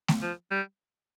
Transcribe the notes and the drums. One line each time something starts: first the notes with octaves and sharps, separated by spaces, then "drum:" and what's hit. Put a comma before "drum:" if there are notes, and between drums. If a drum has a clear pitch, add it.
drum: snare A3
F3
G3